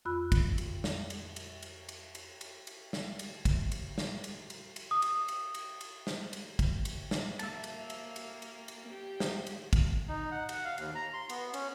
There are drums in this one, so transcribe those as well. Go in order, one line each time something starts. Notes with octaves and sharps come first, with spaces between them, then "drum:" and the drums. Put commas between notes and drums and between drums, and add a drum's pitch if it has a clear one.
F2 F4 B5 E6 F#6
drum: kick, cymbal
drum: cymbal
drum: snare
drum: cymbal
drum: cymbal
drum: cymbal
drum: cymbal
drum: cymbal
drum: cymbal
drum: cymbal
drum: snare
drum: cymbal
drum: kick, cymbal
drum: cymbal
drum: snare
drum: cymbal
drum: cymbal
drum: cymbal
D#6
drum: cymbal
drum: cymbal
drum: cymbal
drum: cymbal
drum: snare
drum: cymbal
drum: kick, cymbal
drum: cymbal
drum: snare
A#3 E5 A5, drum: cymbal
drum: cymbal
drum: cymbal
drum: cymbal
drum: cymbal
drum: cymbal
G4
drum: snare
drum: cymbal
drum: kick, cymbal
D#4
F#5
F#5, drum: cymbal
F5
D#2, drum: cymbal
A#5
C6
B3, drum: cymbal
C#4, drum: cymbal